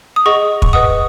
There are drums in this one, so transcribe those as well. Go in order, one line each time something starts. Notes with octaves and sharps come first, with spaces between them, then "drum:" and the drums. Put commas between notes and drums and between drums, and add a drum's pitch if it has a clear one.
D#6
G#4 D#5 F#5 C#6
C#6, drum: kick
B4 D#5 F#5 D#6